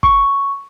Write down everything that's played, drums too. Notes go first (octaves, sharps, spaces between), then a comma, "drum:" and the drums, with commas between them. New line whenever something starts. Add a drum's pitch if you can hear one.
C#6, drum: kick